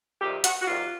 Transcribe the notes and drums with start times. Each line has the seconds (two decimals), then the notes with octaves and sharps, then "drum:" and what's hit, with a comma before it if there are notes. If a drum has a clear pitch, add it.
0.21 F2 C3 D#3 G3 G4
0.44 F#4, drum: hi-hat
0.62 F#4
0.67 F2 C3 D#3 G3 F4